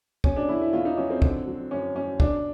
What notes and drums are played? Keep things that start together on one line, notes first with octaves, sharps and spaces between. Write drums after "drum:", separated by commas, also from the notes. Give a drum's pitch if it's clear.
B2 C#4, drum: kick
D4
E2 E4
E4
E2 F4
D#4
F#3 C#4
C4
D3, drum: kick
F#3
F#2 C#4
F#2 C#4
B2 D4, drum: kick